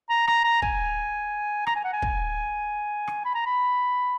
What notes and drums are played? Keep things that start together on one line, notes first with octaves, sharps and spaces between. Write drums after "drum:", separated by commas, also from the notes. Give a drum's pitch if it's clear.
A#5
A#5, drum: rim click
A#5
G#5, drum: kick
A#5, drum: rim click
G#5
F#5
G#5
drum: kick
drum: rim click
B5
A#5
B5